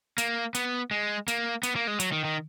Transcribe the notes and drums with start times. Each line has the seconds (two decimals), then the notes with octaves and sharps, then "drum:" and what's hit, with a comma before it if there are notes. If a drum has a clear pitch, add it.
0.18 A#3, drum: hi-hat
0.55 B3, drum: hi-hat
0.91 G#3
1.28 A#3, drum: hi-hat
1.63 B3, drum: hi-hat
1.76 A#3
1.87 G#3
2.00 F#3, drum: hi-hat
2.12 D#3
2.25 D#3